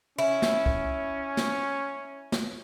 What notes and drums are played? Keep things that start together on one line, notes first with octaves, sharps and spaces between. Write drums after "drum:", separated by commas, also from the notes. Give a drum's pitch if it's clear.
C#4 E4
drum: snare
drum: kick
drum: snare
drum: snare